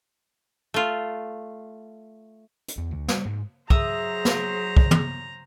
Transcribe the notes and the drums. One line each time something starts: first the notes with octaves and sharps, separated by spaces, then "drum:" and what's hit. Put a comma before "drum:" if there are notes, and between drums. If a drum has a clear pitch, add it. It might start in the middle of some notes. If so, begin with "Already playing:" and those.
A3 F4
drum: hi-hat
E2
D2
G3, drum: snare
G#2
F#3 G#4 C5 E5 A#5 D#6, drum: kick
drum: snare
drum: kick
drum: tom